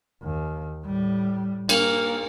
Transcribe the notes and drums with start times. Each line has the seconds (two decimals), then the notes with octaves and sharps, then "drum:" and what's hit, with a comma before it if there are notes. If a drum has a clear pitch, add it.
0.22 D#2
0.85 A2 G3
1.69 A#3, drum: cymbal